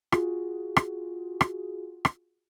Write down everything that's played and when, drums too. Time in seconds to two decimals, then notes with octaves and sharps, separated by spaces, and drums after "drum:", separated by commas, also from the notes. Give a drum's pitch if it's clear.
0.12 F4 F#4 G#4, drum: rim click
0.76 drum: rim click
1.41 drum: rim click
2.05 drum: rim click